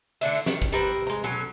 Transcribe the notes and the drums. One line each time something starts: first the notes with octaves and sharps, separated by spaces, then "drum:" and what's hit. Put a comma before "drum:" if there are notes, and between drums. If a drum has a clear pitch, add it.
D3 A3 D4 E5, drum: hi-hat
drum: hi-hat
D#3, drum: snare
drum: kick, hi-hat
G3 C4 A#4 B4, drum: hi-hat
G#3 A#5
B2 F#3 C#4 A4